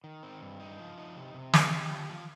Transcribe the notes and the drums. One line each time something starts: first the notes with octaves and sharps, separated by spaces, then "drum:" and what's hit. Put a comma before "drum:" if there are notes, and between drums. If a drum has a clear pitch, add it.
D#3
C4
G2
D#4
F3
D#4
C3
C3
D#4, drum: snare
G4
F3
F3